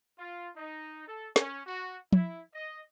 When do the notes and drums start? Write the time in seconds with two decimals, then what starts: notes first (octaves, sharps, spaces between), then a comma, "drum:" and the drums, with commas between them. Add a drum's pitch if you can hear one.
0.18 F4
0.55 D#4
1.07 A4
1.36 C#4, drum: snare
1.65 F#4
2.13 E4, drum: tom F3
2.54 D#5